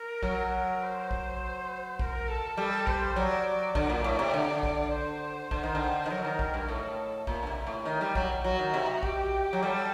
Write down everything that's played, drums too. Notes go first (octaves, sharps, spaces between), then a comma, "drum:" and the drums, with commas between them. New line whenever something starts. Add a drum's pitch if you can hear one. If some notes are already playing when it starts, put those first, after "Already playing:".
Already playing: A#4
F#3, drum: kick A#1
C5
drum: kick A#1
A#4, drum: kick A#1
A4
G3 A4
C5, drum: kick A#1
F#3 D5
D3 D5, drum: kick A#1
A#2
A2
C3
D3
drum: kick A#1
C5
D3, drum: kick A#1
D#3
D3
D#3
F#3 A#4
D#3
drum: kick A#1
G2
A2 A4
A#2, drum: kick A#1
D3
C3
A2
D#3
G3
F#3, drum: kick A#1
F#3 F#4
D#3
C3
G4, drum: kick A#1
F#3
G3 A4